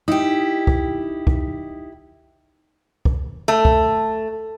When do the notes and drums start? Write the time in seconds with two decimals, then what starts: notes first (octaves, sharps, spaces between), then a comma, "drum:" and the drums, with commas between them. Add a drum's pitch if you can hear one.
0.08 D#4 E4 G4
0.67 drum: kick
1.27 drum: kick
3.05 drum: kick
3.48 A3
3.65 drum: kick